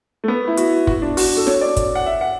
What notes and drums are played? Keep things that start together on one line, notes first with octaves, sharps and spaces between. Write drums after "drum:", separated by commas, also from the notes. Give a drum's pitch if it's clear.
A3
B3
E4
F#4, drum: hi-hat
F#4, drum: kick
D4
F#4, drum: open hi-hat
A4
C#5, drum: snare
D5
drum: kick, hi-hat
F#5
E5
F#5